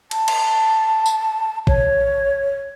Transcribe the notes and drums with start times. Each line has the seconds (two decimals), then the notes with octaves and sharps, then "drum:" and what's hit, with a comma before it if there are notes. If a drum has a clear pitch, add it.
0.11 A5, drum: cymbal
0.28 drum: cymbal
1.06 drum: tambourine
1.67 C#5, drum: kick A1